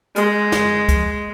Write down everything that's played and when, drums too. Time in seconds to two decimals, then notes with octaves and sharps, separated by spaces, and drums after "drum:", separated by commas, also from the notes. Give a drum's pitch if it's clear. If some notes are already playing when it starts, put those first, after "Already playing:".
0.16 G#3, drum: hi-hat
0.52 drum: snare
0.89 drum: kick C#2, hi-hat